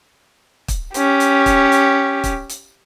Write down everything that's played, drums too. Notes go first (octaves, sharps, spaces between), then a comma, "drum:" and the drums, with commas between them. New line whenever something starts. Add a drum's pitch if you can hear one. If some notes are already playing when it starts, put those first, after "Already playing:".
drum: kick, hi-hat
C#4 G4, drum: hi-hat
drum: hi-hat
drum: kick, hi-hat
drum: hi-hat
drum: kick, hi-hat
drum: hi-hat